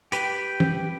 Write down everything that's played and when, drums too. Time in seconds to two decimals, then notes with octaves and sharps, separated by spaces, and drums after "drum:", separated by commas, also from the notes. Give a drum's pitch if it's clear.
0.12 G4 B4 G5, drum: hi-hat
0.60 drum: tom E3